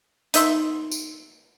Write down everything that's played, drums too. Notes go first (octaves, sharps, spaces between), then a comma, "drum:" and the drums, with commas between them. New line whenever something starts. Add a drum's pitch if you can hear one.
D#4 E5 C6, drum: hi-hat
drum: tambourine